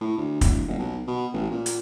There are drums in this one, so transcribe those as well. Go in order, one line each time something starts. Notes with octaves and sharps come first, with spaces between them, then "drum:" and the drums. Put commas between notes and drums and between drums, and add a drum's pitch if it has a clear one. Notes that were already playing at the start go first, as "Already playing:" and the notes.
A2
D2
D1, drum: kick, hi-hat
D#1
B1
B2
A1
A#2
drum: hi-hat